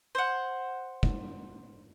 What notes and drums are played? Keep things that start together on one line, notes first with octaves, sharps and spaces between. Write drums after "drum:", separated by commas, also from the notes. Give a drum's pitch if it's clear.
C5 F#5
drum: kick